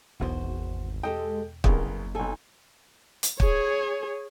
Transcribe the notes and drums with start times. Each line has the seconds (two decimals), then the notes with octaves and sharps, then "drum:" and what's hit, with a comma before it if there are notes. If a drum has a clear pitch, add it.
0.20 E1 B1 E2 B2 F#4 C5
0.42 G#1
1.03 G#3 G4 A4 D#5 G5
1.64 F#1 C2 C#3 B3 A#4 D#5, drum: kick
2.15 B1 D#4 A4 G#5
3.23 drum: hi-hat
3.40 G#4 C#5, drum: kick